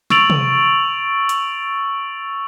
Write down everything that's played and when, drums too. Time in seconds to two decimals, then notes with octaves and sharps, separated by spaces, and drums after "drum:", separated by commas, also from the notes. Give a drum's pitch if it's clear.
0.10 C#6 E6 A6 D7 F7 F#7, drum: snare
0.30 drum: tom C3
1.29 drum: hi-hat